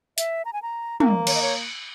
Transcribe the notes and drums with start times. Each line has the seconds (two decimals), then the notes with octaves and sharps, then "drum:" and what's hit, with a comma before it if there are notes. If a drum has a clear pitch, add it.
0.18 E5, drum: hi-hat
0.45 A#5
0.53 G#5
0.62 A#5
1.00 A#3, drum: tom
1.27 C#5, drum: cymbal
1.35 D#5
1.42 C#5